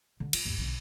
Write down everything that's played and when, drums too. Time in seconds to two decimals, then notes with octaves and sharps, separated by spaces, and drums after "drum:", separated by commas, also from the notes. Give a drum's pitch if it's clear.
0.20 D3
0.33 F4, drum: cymbal
0.45 D#2 G#2
0.58 B1 D3